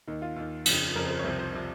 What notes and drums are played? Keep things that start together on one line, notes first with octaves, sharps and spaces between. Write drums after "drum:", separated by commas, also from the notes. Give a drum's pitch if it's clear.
D#2 D#3 D#4
F4
D#2 D#3
F2 C#3 F3, drum: cymbal
F2 C#3 F3 A#4
C5
A#4
C#5
C2 C3 F3 C5
C5
C3 F3